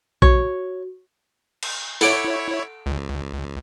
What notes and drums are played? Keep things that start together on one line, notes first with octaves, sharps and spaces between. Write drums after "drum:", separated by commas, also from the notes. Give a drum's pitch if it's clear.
F#4 C#5, drum: kick A#1
drum: cymbal
E4 A4 C#5 F#5 D6, drum: open hi-hat
C#2